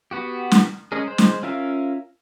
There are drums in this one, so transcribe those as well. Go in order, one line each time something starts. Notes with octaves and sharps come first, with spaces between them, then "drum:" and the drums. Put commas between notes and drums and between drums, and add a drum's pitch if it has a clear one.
B3 F#4 G4
drum: snare
G#3 C#4 G#4 A#4
G#3 C5
drum: snare
C#4 F4 A#4 E5 F5